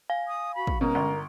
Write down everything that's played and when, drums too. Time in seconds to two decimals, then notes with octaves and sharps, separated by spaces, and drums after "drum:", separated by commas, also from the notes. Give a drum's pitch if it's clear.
0.10 F5 G#5
0.28 D#6
0.55 F#4 B5
0.67 drum: kick
0.81 B2 G#3 C#4 A#4
0.95 G1